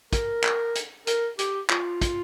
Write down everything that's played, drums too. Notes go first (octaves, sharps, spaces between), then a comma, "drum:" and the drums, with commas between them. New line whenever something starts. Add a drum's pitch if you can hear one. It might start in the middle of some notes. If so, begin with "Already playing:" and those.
A#4, drum: kick, hi-hat
drum: clap
drum: hi-hat
A#4, drum: hi-hat
G4, drum: hi-hat
F4, drum: clap
drum: kick, hi-hat